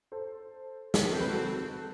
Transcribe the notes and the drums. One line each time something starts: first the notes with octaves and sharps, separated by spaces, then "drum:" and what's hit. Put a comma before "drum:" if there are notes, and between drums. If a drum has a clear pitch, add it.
A4 C5
drum: snare
C4 A4
B4
F#4 A4